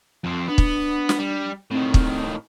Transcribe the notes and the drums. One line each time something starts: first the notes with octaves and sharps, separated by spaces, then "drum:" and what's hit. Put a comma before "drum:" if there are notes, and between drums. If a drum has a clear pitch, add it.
F2 C4
B3 D4
drum: kick
drum: snare
G3
A2 D#3 C4
drum: kick